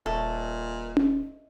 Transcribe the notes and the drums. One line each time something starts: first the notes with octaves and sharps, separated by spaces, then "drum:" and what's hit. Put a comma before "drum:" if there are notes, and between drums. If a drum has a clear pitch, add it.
D#1 A#2 A4 C#5 D#5 E5
drum: tom C#4